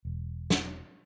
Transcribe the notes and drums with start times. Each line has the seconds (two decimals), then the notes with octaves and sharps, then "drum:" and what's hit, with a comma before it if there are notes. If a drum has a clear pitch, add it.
0.05 E1
0.50 drum: snare